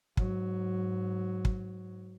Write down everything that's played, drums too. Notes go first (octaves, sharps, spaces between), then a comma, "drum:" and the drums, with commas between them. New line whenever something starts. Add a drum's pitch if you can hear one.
G#2 F#3, drum: kick
drum: kick